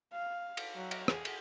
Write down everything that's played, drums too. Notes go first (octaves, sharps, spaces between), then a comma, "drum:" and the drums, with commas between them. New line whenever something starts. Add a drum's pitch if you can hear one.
F5
drum: cymbal
F#3
drum: cymbal
G#4, drum: rim click
drum: cymbal